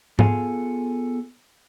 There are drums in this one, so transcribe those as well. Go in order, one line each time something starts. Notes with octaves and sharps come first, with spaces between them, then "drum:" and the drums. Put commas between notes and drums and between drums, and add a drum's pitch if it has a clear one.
B3 F4 G#4 A4 F5 G#5, drum: tom G#2